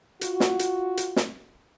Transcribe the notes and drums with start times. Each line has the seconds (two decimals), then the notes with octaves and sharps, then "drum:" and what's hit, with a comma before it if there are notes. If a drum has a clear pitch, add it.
0.21 F4 F#4, drum: hi-hat
0.40 drum: snare
0.59 drum: hi-hat
0.97 drum: hi-hat
1.16 drum: snare